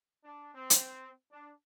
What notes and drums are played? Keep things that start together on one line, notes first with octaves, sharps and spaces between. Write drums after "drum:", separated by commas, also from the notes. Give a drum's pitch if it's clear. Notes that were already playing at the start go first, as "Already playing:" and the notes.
D4
C4
drum: hi-hat
D4